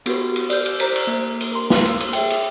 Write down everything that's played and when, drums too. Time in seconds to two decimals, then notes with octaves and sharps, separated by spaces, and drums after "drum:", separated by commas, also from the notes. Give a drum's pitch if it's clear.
0.06 B3 F#4 G4 B4, drum: cymbal
0.36 drum: cymbal
0.50 D5 F6 G6, drum: cymbal
0.66 drum: cymbal
0.80 C5 A#5 B6, drum: cymbal
0.96 drum: cymbal
1.07 A#3
1.40 drum: cymbal
1.52 A#4 A#5 C6
1.70 drum: snare
1.85 drum: cymbal
2.00 drum: cymbal
2.13 G#4 E5 G5, drum: cymbal
2.30 drum: cymbal